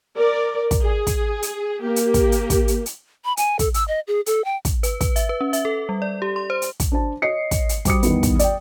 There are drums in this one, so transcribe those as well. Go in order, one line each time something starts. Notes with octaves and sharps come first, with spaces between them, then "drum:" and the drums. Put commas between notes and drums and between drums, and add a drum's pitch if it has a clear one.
A#4 D5
drum: kick, hi-hat
G#4
drum: kick, hi-hat
drum: hi-hat
A#3 G4
drum: hi-hat
drum: kick, hi-hat
drum: hi-hat
drum: kick, hi-hat
drum: hi-hat
drum: hi-hat
B5
G#5, drum: hi-hat
A4, drum: kick, hi-hat
E6, drum: hi-hat
D#5
G#4
A4, drum: hi-hat
G5
drum: kick, hi-hat
B4, drum: hi-hat
B4, drum: kick, hi-hat
E5, drum: hi-hat
B4
C#4
E5, drum: hi-hat
A4
G3
D5
G4
C6
C5
drum: hi-hat
drum: kick, hi-hat
D4 C5 A5
C#5 D#5 C7 C#7
drum: kick, hi-hat
drum: hi-hat
G3 C5 D6 D#6 C#7, drum: kick, hi-hat
E2 D#3 G3 B3, drum: hi-hat
drum: kick, hi-hat
D5 G5, drum: hi-hat